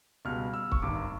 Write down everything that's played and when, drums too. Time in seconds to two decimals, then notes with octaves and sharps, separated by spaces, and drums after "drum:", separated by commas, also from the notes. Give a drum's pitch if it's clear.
0.25 C#2 B2 G3 F6
0.54 E6
0.72 C#6, drum: kick C#1
0.82 G#1 G2 D#3 D6